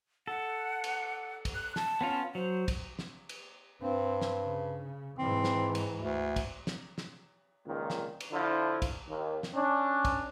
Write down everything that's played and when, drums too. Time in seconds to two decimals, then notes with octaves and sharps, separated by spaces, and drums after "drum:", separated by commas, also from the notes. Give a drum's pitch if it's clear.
0.27 A4 F#5
0.84 drum: cymbal
1.45 drum: kick, cymbal
1.55 F#6
1.76 A5, drum: snare
2.01 B3 C#4 F4
2.35 F#3 C5
2.68 drum: kick, cymbal
2.99 drum: snare
3.29 drum: cymbal
3.82 G2 C4
4.21 drum: snare
4.45 C#3
5.19 G#2 E3 C4
5.44 drum: snare
5.75 drum: cymbal
5.99 D2
6.36 drum: kick, cymbal
6.67 drum: snare
6.98 drum: snare
7.67 C#2 A#2 D#3
7.90 drum: snare
8.20 drum: cymbal
8.32 D3 F3 E4
8.82 drum: kick, cymbal
9.08 D#2
9.43 drum: snare
9.55 C#4 D4
10.05 drum: kick, cymbal